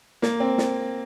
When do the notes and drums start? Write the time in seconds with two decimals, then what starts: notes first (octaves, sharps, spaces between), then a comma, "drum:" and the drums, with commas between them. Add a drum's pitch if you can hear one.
0.22 A#3, drum: snare
0.40 C4
0.58 drum: snare